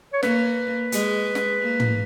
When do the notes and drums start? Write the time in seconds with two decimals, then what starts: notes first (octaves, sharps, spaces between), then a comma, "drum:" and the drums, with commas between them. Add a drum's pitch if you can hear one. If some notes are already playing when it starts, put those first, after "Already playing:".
0.13 C#5
0.23 A#3 B4, drum: snare
0.92 G#3, drum: hi-hat
1.35 drum: snare
1.61 A#3
1.80 drum: tom